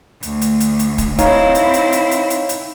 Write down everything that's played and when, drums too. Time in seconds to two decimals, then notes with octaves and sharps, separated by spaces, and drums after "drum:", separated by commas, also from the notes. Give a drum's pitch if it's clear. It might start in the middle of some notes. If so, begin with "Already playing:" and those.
0.23 D2, drum: hi-hat
0.42 drum: hi-hat
0.60 drum: hi-hat
0.79 drum: hi-hat
0.98 drum: kick, hi-hat
1.19 C4 D#4 E4 C#5 F5, drum: kick, hi-hat
1.55 drum: hi-hat
1.74 drum: hi-hat
1.93 drum: hi-hat
2.11 drum: hi-hat
2.30 drum: hi-hat
2.49 drum: hi-hat